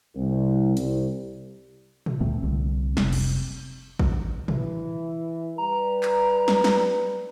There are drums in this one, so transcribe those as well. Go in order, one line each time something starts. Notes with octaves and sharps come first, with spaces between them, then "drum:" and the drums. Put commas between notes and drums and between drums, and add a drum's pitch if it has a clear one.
C2
C2, drum: hi-hat
drum: tom
D2 A#2 A3 C4
C2 D3 C4
F1 C3, drum: snare
drum: cymbal
drum: kick
E3, drum: tom
G3 B4 A#5
drum: clap
drum: snare
drum: snare